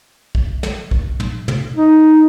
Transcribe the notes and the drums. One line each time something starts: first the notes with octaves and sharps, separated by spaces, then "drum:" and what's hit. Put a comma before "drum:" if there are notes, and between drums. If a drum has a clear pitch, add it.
drum: kick A#1
drum: snare
drum: kick A#1
drum: tom
drum: tom
D#4